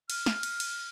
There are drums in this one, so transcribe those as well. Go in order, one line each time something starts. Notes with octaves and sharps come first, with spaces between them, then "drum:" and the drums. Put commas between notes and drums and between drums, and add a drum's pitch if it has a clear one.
F6, drum: cymbal
drum: snare
drum: cymbal
drum: cymbal